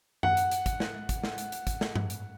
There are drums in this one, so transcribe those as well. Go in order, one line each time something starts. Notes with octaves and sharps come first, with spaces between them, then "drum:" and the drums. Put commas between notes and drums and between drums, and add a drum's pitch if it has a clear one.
F#5, drum: tom F#2
drum: hi-hat
drum: hi-hat
drum: kick, hi-hat
drum: snare
drum: kick, hi-hat
drum: snare
drum: hi-hat
drum: hi-hat
drum: kick, hi-hat
drum: snare
drum: tom G2
drum: hi-hat